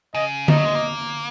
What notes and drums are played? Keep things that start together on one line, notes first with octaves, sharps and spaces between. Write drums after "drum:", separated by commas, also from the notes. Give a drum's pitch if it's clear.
C#3 D#5
D#3 D#5, drum: tom D3
F#3
G#3
A#3